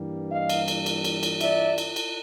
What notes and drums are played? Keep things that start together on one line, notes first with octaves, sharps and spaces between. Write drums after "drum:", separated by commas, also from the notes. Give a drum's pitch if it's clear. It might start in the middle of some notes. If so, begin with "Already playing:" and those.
Already playing: G2 E3 G3 A#3
D#5 F5
drum: cymbal
drum: cymbal
drum: cymbal
drum: cymbal
drum: cymbal
D5 E5, drum: cymbal
drum: cymbal
drum: cymbal